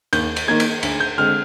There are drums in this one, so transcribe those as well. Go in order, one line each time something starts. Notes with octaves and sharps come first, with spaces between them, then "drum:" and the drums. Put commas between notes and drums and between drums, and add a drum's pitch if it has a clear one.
D#2 G6, drum: cymbal
drum: cymbal
D#3 A#3 G#6
drum: cymbal
D2, drum: cymbal
G6
D3 G#3 C4 F6